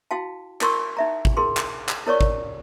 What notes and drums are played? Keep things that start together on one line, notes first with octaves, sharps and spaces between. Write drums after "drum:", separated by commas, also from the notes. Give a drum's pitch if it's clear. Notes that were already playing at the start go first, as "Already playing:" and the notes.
E4 F#4 F5 G5 A5
E4 A#4 C6 C#6 E6, drum: clap
D#4 E5 A#5
drum: kick
E4 G#4 A#4 C6
drum: clap
drum: clap
E4 A#4 C#5 D5 C#6
drum: kick